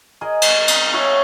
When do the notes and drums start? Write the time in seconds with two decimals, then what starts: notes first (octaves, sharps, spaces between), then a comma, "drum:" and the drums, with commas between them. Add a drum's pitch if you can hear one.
0.21 G#4 A#4 D#5
0.42 drum: cymbal
0.68 drum: cymbal
0.94 C#5 E5 F#5 C#6